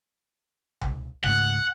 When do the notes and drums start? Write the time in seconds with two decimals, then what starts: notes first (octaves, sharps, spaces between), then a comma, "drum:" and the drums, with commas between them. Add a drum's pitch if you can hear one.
0.81 drum: tom C#2
1.24 C#2 G#2 A3 F#5